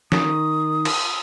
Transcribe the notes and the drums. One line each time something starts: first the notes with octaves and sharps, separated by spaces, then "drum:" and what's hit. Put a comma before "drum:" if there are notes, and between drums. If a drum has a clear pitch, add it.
D#3 D#6, drum: snare
drum: cymbal